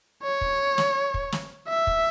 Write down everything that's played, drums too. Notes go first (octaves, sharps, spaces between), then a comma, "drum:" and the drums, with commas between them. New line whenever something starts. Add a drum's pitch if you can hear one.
C#5
drum: kick
drum: snare
drum: kick
drum: snare
E5
drum: kick